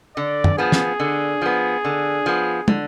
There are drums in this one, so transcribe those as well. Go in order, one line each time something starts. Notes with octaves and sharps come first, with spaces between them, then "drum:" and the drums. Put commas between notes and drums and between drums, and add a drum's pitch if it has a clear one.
D3 D5
drum: tom
F3 B3 G#4
drum: snare
D3
F3 B3
D3
F3 B3
D3, drum: tom